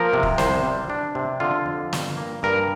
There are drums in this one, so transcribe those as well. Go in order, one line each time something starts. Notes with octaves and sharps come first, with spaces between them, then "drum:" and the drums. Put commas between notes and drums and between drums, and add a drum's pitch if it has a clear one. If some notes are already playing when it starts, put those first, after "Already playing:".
Already playing: F3 A#3 A#4
C3
drum: kick
C2 C5, drum: snare
G3
D4
C3
D3 F4
F2
G2, drum: snare
A#3
G2 A#4